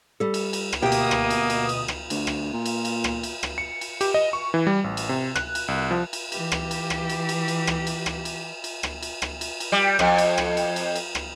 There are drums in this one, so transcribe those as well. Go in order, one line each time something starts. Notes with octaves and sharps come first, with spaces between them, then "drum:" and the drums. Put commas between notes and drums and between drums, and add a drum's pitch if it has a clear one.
G3 A4
drum: cymbal
drum: cymbal
drum: rim click
D2 B2 A#3 G4 G5 D#6
drum: cymbal
drum: rim click
drum: cymbal
drum: cymbal
drum: cymbal
drum: rim click
D2, drum: cymbal
drum: rim click
A#2
drum: cymbal
drum: cymbal
drum: rim click
drum: cymbal
drum: rim click
C#7
drum: cymbal
G4, drum: cymbal
D#5
C#6
E3
G3
A1
drum: cymbal
C3
F#6, drum: rim click
drum: cymbal
C2
F3
drum: cymbal
E3 G4, drum: cymbal
drum: rim click
drum: cymbal
drum: rim click
drum: cymbal
drum: cymbal
drum: cymbal
drum: rim click
drum: cymbal
drum: rim click
drum: cymbal
drum: cymbal
drum: rim click
drum: cymbal
drum: rim click
drum: cymbal
drum: cymbal
G3
F2, drum: rim click
drum: cymbal
drum: rim click
drum: cymbal
drum: cymbal
drum: cymbal
drum: rim click